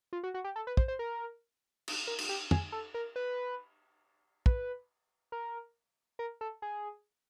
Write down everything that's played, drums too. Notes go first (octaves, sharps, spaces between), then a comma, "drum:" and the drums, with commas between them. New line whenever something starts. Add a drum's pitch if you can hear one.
F4
F#4
F#4
G4
A4
B4
C5, drum: kick
C5
A#4
drum: cymbal
A#4
drum: cymbal
G4
G#4, drum: tom
A4
A#4
B4
B4, drum: kick
A#4
A#4
A4
G#4